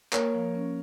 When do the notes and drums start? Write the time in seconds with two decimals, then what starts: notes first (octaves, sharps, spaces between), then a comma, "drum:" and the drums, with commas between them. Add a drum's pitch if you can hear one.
0.13 A#3 A#4 C#5, drum: clap
0.34 F3
0.55 C#4